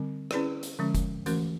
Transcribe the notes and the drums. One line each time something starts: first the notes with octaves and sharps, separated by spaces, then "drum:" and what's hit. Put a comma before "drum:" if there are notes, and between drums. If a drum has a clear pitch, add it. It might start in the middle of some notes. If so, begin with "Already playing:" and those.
Already playing: D3 G3 C4
C#4 E4 G#4 B4 D5, drum: rim click
drum: hi-hat
D3 F3 G#3 C#4
drum: kick F1, hi-hat
E3 A3 C#4 F#4 A#4, drum: hi-hat